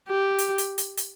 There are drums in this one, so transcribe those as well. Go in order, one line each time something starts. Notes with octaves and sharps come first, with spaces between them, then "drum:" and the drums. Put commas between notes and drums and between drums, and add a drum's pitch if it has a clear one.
G4
drum: hi-hat
drum: hi-hat
drum: hi-hat
drum: hi-hat